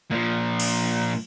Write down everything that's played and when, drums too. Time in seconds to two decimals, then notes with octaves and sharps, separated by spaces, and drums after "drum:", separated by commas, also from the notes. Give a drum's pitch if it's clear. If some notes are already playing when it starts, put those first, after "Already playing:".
0.11 A#2 F3
0.60 drum: cymbal